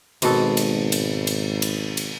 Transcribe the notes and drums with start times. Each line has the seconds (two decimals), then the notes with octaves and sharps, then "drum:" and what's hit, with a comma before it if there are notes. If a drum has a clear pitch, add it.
0.22 G#1 G#2 B2 A4, drum: cymbal
0.57 drum: cymbal
0.92 drum: cymbal
1.27 drum: cymbal
1.62 drum: cymbal
1.97 drum: cymbal